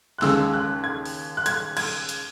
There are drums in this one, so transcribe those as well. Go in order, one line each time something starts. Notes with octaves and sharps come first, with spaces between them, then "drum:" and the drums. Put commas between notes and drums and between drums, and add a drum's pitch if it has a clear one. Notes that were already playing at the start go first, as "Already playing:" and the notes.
F#6
D#2 C#3 G#3 E6, drum: snare
F#6
G#6
drum: open hi-hat
F#6
G#6, drum: hi-hat
G#6, drum: cymbal
drum: hi-hat